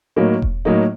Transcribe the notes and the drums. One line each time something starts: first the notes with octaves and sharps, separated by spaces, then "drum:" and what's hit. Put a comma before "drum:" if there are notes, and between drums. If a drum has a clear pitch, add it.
A2 F#3 A#3 D#4
drum: kick E1
A2 F#3 A#3 D#4